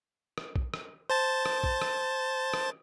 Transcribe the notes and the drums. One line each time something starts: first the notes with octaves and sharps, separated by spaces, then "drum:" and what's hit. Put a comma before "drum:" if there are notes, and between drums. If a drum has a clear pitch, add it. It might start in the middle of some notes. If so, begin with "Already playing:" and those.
drum: rim click
drum: kick A#1
drum: rim click
C5 A5 A6
drum: rim click
drum: kick A#1
drum: rim click
drum: rim click